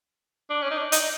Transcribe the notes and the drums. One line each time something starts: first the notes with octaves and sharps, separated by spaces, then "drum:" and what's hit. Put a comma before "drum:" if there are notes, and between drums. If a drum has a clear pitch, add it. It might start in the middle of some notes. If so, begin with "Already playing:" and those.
D4
C#4
D#4
D4
D#4, drum: hi-hat